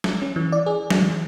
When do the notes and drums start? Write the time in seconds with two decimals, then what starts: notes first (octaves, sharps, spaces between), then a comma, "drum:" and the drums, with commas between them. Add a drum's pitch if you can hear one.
0.04 drum: snare
0.22 C#4
0.36 E3
0.52 D5
0.66 G#4
0.90 F#3, drum: snare
1.02 E3